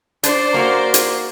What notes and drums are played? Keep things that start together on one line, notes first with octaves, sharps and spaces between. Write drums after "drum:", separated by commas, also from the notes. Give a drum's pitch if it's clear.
D4 C5 D5, drum: hi-hat
A#3 F#4 A#4
drum: hi-hat